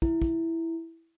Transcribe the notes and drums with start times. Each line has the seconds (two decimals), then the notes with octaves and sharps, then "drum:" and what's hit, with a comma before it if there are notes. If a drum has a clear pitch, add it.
0.02 E4, drum: kick
0.22 drum: kick